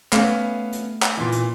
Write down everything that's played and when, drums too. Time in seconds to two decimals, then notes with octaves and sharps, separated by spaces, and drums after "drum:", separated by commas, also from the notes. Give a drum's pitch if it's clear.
0.13 A3 B3 C#4 F5, drum: clap
0.72 drum: hi-hat
1.02 drum: clap
1.17 A#2 E3
1.32 drum: hi-hat